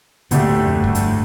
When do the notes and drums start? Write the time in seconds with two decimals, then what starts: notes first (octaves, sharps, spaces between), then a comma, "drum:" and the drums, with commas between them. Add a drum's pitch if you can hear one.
0.31 D2 A#2 D3 A3 D4 G4, drum: hi-hat
0.49 A2
0.66 F2
0.84 G2, drum: kick
0.95 G2, drum: hi-hat
1.02 A2